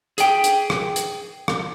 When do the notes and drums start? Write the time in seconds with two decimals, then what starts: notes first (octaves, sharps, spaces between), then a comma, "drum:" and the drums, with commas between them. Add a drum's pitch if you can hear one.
0.18 G#4 G5, drum: hi-hat
0.44 drum: hi-hat
0.70 drum: rim click
0.96 drum: hi-hat
1.48 drum: rim click